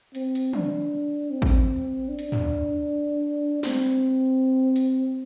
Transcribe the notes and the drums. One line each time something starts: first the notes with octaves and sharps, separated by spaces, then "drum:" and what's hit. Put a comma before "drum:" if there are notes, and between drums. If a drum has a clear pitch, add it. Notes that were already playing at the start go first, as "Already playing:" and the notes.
C4, drum: hi-hat
drum: hi-hat
D4, drum: tom
C4
drum: kick
D4
drum: hi-hat
drum: tom
C4, drum: snare
drum: hi-hat